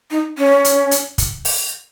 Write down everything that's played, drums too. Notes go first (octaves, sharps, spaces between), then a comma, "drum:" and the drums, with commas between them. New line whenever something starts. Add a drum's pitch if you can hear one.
D#4
C#4
drum: hi-hat
drum: hi-hat
drum: kick, hi-hat
drum: open hi-hat